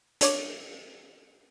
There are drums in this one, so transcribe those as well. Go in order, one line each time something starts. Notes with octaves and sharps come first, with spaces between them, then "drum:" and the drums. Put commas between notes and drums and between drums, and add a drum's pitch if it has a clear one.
D4 C#5 D6, drum: hi-hat